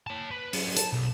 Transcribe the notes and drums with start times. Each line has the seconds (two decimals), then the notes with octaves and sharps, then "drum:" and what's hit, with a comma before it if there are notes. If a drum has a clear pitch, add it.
0.07 C#5 A5
0.31 B4
0.53 F#3 C#4, drum: open hi-hat
0.77 A5, drum: hi-hat
0.93 B1